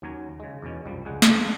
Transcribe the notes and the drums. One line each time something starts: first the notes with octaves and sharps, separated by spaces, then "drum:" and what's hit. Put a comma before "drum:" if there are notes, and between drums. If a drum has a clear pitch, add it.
D#2 F#3 C#4 G#5 A#5
C#3 G#3
E2 B2 C#4
C2 F#2 F3 G3
C#2 G#3 G#4 F#5
G#4 A4 D5, drum: snare